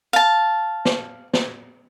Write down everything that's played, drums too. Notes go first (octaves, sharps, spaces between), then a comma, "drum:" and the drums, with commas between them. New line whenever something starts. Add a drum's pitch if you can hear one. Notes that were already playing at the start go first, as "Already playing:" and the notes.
F5 A5
drum: snare
drum: snare